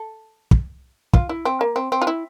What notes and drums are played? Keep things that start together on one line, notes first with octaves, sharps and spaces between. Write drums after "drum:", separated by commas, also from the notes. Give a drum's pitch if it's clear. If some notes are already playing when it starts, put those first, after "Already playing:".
Already playing: A4
drum: kick
F4, drum: kick
E4
C4
A#3
C4
C4
F4
E4